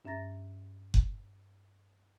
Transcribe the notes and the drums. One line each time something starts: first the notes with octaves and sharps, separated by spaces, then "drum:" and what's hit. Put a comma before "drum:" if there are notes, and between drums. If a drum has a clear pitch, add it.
G2 C#4 E5 A#5 A6 A#6
drum: kick F#1